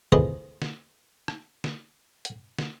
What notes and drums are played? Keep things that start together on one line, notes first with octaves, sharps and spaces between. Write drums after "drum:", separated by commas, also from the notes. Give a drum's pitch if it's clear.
D2 F3 E4 G#4 B4 D#5
drum: snare
drum: rim click
drum: snare
drum: hi-hat
drum: snare